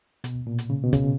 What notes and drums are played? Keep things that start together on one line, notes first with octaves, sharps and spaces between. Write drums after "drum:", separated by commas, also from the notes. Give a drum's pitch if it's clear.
B2, drum: hi-hat
A#2
drum: hi-hat
C#3
B2
C#3, drum: kick, hi-hat